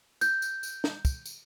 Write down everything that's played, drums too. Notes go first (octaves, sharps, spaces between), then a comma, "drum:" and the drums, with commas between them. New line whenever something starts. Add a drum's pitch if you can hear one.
G6, drum: tambourine
drum: tambourine
drum: tambourine
drum: snare
drum: kick, tambourine
drum: tambourine